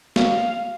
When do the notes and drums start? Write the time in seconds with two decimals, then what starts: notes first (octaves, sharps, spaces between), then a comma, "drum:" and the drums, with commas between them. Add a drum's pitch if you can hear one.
0.16 F5, drum: snare